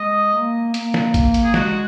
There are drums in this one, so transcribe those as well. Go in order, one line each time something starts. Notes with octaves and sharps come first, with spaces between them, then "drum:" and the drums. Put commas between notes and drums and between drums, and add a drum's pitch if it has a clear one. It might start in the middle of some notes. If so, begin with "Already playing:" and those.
Already playing: G#3 D#5
A#3
A#3, drum: hi-hat
drum: snare
drum: kick G#1, hi-hat
drum: hi-hat
G#4
G#3 F#4, drum: snare